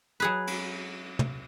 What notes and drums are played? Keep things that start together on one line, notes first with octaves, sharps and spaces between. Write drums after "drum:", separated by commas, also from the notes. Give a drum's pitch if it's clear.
F#3 G#4 B4
drum: cymbal
drum: tom